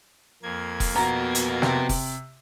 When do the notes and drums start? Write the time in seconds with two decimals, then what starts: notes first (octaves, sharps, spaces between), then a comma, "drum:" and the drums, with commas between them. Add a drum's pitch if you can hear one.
0.43 F2 A#3 G#6
0.80 drum: kick F1, open hi-hat
0.96 B3 F#4 A#5
1.35 drum: hi-hat
1.62 C3, drum: snare
1.89 drum: kick F1, open hi-hat